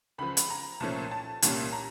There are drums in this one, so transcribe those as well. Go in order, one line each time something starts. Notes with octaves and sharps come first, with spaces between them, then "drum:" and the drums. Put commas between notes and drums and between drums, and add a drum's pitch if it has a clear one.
C#2 C#3 F3 B5
drum: hi-hat
A#5
C2 A#2 F3 A3 C#4 A5
A5
C2 A#2 G3 A#3 C#4 A5, drum: hi-hat
A#5